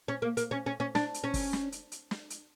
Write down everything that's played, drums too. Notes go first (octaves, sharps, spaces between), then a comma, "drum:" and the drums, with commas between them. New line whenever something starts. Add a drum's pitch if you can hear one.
C#4
A#3
A#3, drum: hi-hat
C#4
C#4
C#4
D4, drum: snare
drum: hi-hat
C#4
drum: kick, open hi-hat
drum: snare
drum: hi-hat
drum: hi-hat
drum: snare
drum: hi-hat